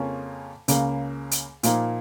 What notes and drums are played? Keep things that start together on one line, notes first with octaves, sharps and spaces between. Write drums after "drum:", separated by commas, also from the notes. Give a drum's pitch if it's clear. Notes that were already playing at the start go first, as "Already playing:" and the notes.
Already playing: F2 C#3 A#3 C#4 F4
C#2 C#3 A#3, drum: hi-hat
drum: hi-hat
A#2 F3 A#3 D#4, drum: hi-hat